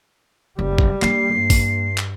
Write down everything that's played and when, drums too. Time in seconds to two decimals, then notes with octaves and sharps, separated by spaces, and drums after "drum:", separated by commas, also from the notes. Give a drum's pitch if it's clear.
0.59 F#1 G3
0.78 drum: kick G#1
1.02 A#3 D4 C7, drum: clap
1.33 G2
1.50 drum: kick G#1, open hi-hat
1.98 drum: clap